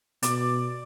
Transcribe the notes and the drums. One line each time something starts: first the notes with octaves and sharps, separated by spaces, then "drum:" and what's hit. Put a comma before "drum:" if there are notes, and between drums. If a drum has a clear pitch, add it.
B2 D5, drum: hi-hat